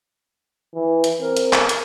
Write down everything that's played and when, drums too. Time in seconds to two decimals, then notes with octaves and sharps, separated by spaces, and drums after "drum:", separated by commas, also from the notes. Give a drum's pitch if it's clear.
0.75 E3
1.04 drum: hi-hat
1.20 C4 A#4
1.37 drum: hi-hat
1.53 drum: clap
1.69 drum: hi-hat